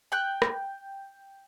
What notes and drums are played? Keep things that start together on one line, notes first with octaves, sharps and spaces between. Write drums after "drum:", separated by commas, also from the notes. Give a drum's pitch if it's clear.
G5 F#6
drum: rim click